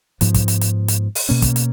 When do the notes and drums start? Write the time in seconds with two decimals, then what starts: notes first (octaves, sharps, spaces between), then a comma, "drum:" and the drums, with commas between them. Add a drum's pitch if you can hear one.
0.21 G#2 F3 B3, drum: hi-hat
0.34 drum: kick, hi-hat
0.48 drum: hi-hat
0.61 drum: hi-hat
0.88 drum: hi-hat
1.15 drum: open hi-hat
1.29 B2 A#3 C#4
1.42 drum: kick, hi-hat
1.56 drum: hi-hat